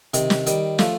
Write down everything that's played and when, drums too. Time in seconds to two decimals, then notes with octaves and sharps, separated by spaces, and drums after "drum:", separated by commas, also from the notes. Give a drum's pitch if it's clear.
0.14 C3 D#3, drum: hi-hat
0.30 drum: snare
0.46 D#3 G3, drum: hi-hat
0.79 F3 A3, drum: snare